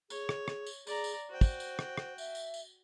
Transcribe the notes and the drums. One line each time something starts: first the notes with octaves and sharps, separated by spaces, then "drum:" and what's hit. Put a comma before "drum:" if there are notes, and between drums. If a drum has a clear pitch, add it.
G#4 C#5, drum: tambourine
drum: rim click
drum: rim click
drum: tambourine
G#4 D5 A#5, drum: tambourine
drum: tambourine
F#4 C5 G5
drum: kick, tambourine
drum: tambourine
drum: rim click
drum: rim click
E5, drum: tambourine
drum: tambourine
drum: tambourine